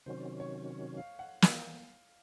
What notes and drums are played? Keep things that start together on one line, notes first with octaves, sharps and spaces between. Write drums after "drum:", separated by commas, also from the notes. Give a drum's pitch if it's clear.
C3 D#3 F#3 C#4 C5
C#5
F5
F#5
F5, drum: snare